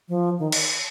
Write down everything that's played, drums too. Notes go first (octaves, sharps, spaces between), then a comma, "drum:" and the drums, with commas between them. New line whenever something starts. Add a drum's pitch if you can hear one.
F3
D#3
drum: cymbal